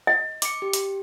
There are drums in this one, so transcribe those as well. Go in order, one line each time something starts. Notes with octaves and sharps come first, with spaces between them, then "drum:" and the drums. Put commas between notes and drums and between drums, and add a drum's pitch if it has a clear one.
D#5
D6 C#7, drum: hi-hat
G4
drum: hi-hat